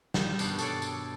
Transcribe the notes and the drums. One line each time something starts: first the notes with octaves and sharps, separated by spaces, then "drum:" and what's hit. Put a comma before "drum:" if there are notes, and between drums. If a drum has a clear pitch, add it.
D#3 G3, drum: snare
G2 B2, drum: tambourine
A4 C#5 D5, drum: tambourine
drum: tambourine